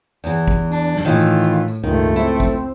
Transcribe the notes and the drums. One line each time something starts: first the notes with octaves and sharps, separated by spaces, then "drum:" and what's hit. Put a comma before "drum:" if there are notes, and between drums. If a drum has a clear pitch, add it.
E2 E3, drum: tambourine
drum: kick G#1, tambourine
D4, drum: tambourine
drum: snare
A2 D#3 E3 F4
drum: tambourine
drum: tambourine
drum: tambourine
C#2 G2 D#3 A3
C4 E4, drum: tambourine
drum: kick G#1, tambourine